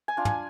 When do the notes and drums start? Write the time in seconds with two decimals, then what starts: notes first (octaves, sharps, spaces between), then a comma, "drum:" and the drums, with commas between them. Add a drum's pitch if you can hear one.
0.08 G#5
0.17 D4 F4
0.25 G#5, drum: tom